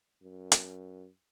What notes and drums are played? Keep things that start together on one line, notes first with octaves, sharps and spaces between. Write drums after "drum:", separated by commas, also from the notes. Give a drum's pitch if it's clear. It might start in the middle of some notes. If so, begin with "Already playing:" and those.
F#2
drum: hi-hat